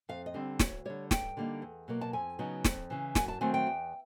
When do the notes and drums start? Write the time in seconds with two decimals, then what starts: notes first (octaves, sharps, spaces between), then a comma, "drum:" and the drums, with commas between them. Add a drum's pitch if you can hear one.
0.09 F2 F5
0.26 D#5
0.34 D3 G3 C4
0.59 D2 C#5, drum: snare
0.85 D3 G3 C#5
1.11 G2 G5, drum: snare
1.37 D3 G3 A#3 D#4
1.62 E2
1.88 B2 F#3 A#3
2.01 A5
2.13 F2 G#5
2.39 C#3 F#3 B3 D#4
2.65 F2, drum: snare
2.90 C#3 E3
3.15 F#2 G#5, drum: snare
3.28 A5
3.41 D#3 F#3 A3 C4 G#5
3.54 G5
3.67 E2